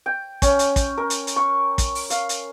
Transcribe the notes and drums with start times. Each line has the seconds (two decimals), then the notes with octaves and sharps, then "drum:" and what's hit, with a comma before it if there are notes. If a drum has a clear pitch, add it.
0.06 G5
0.42 C#4, drum: kick, hi-hat
0.59 drum: hi-hat
0.76 drum: kick, hi-hat
0.98 A#4
1.10 drum: hi-hat
1.27 drum: hi-hat
1.36 C#6
1.78 drum: kick, hi-hat
1.95 drum: open hi-hat
2.10 F5, drum: hi-hat
2.29 drum: hi-hat